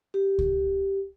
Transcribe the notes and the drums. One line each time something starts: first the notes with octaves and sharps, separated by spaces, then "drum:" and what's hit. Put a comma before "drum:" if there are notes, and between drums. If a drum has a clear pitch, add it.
G4
drum: kick C#2